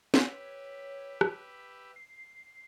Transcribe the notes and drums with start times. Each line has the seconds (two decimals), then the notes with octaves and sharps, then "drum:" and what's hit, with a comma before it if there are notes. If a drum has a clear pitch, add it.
0.14 drum: snare
0.25 G4 B4 C#5 E5
1.21 drum: rim click
1.96 C7